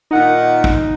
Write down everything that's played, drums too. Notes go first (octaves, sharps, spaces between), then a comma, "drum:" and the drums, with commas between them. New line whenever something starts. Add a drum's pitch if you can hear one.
A#2 D#3 D#4 F#5
drum: kick